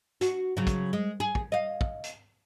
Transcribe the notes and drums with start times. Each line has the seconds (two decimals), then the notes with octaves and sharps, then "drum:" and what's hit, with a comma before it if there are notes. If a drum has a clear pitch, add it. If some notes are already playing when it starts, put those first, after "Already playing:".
0.21 F#4, drum: hi-hat
0.57 C#3 F#3
0.67 drum: kick, hi-hat
0.93 G#3
1.20 G#4
1.35 drum: kick
1.52 D#5 F5
1.81 drum: kick
2.04 drum: hi-hat